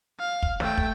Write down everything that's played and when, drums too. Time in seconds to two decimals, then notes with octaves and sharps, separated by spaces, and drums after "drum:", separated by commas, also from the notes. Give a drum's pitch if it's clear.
0.19 F5
0.42 drum: kick
0.60 A3 G5, drum: snare
0.78 drum: kick